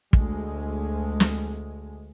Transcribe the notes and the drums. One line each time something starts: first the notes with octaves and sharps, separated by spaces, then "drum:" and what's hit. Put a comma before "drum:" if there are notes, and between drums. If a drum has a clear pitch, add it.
D2 G#3, drum: kick
drum: snare